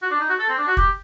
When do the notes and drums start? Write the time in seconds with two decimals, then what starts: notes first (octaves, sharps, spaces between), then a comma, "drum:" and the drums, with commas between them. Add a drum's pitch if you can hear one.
0.02 F#4
0.11 D4
0.20 D#4
0.29 F#4
0.39 A4
0.49 C4
0.58 D4
0.67 F#4
0.77 G4, drum: kick